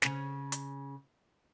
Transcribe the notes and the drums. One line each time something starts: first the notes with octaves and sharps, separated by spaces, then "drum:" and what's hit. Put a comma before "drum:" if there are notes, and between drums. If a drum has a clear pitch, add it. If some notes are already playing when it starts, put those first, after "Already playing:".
C#3 C#4, drum: snare
drum: hi-hat